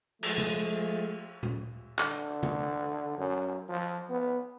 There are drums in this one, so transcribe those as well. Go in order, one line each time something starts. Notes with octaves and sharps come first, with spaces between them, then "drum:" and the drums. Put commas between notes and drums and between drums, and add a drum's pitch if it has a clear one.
F3 G#3 A3, drum: cymbal
drum: tom C#3
drum: tom A#2
D3, drum: clap
drum: tom C#3
F#2
F3
B3